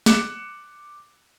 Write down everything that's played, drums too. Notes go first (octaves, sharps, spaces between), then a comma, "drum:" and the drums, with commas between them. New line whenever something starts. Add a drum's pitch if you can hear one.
D6 F#6 C#7 D7 E7, drum: snare